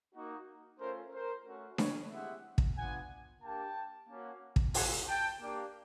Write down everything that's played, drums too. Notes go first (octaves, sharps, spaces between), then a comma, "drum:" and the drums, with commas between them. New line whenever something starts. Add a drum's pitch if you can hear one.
A#3 D#4 F#4
A3 C#4 F4 A#4 C5
A#4 C5
A3 C#4 F#4
B4 C#5, drum: snare D4
G#3 C4 E4 G4 E5 F#5
drum: kick
B3 D4 F4 F#5 G#5
A#3 D4 G4 G5 A5
A#3 C#4 F#4
drum: kick
A3 C4 F4 F#5 G#5, drum: open hi-hat
G5 A5
A#3 D4 G4